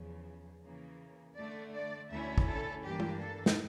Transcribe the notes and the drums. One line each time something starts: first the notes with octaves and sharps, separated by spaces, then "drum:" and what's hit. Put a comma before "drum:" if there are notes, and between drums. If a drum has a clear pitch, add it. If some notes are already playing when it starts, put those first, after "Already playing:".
Already playing: E2 C#3 F3
C#3 E3 A#3
D3 A3 D4 D5
D5
D2 D3 A3 C#4 E4 E5
drum: kick
A4
G2 E3 A#3 D4 G4
drum: tom
A4
drum: snare